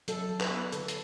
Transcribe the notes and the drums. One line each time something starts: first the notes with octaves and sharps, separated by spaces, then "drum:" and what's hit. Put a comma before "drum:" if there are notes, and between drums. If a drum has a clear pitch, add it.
F#3 A4, drum: hi-hat
F#3
B4, drum: clap
B3
D3 A4, drum: hi-hat
drum: hi-hat